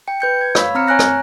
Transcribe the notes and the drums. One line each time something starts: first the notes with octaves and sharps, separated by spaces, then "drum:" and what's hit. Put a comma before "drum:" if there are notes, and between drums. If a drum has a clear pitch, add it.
G5 C#7
B4 G6 C#7
G#6
C#5 F5 B5 E6 B6, drum: rim click
C4 A#5 F6 C#7
C#5 G#5 A#5 F#6 A#6
drum: rim click